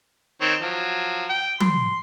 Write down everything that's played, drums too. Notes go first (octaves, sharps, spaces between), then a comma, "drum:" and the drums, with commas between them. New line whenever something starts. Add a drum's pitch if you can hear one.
D#3 C4 C#5
F3 F#3
G5
C6, drum: tom F3